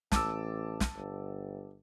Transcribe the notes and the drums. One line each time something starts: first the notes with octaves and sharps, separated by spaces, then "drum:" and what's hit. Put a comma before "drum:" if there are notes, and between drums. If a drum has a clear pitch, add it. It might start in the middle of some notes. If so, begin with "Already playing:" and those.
A1 A5 D6 E6, drum: snare
drum: snare
G1